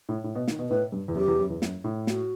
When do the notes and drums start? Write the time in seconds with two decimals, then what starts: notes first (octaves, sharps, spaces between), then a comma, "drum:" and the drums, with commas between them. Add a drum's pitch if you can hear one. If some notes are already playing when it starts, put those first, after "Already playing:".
0.09 A2
0.24 A2
0.35 B2
0.48 D#3, drum: snare
0.59 B2
0.69 A2 B4
0.92 G2
1.08 E2
1.15 F#2 G4
1.28 E2
1.39 F#2
1.49 E2
1.62 F#2, drum: snare
1.84 A2
2.07 F#4, drum: snare